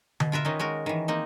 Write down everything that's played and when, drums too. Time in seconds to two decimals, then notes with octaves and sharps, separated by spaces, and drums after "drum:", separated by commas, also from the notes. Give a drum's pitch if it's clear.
0.20 B2, drum: tom D3
0.32 F4 A#4 B4 E5
0.45 D#3 C#4 D#4
0.59 G#3 F#4 A#4
0.86 D#3 E3
1.08 A#3 C4 D#4